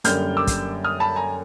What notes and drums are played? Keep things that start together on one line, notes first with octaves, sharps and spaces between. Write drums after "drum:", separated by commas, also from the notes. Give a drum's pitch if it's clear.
F#2 D3 G3 A#3 F6 G6, drum: hi-hat
D6 E6
drum: kick, hi-hat
D#6 F6
A5 B5
G#5 A#5